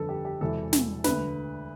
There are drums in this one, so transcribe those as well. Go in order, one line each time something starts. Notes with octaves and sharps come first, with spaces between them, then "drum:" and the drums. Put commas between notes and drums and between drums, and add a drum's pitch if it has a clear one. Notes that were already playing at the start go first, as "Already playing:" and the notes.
Already playing: G1 F2 D3 A4 B4
G4
G4
E1 E2 C3 E3 A4
drum: snare
D2 D3 B4, drum: snare